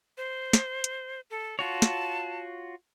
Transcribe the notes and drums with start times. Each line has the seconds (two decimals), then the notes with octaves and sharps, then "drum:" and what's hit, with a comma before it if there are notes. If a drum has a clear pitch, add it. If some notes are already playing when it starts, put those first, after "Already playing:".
0.17 C5
0.53 drum: snare
0.84 drum: hi-hat
1.30 A4
1.59 F4 F#4 C#5 A5
1.82 drum: snare